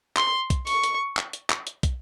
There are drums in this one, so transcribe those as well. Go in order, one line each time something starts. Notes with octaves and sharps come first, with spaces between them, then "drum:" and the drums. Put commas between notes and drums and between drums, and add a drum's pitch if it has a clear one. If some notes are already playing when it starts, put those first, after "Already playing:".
C6, drum: clap
drum: kick, hi-hat
C#6, drum: open hi-hat
drum: hi-hat
drum: clap
drum: hi-hat
drum: clap
drum: hi-hat
drum: kick, hi-hat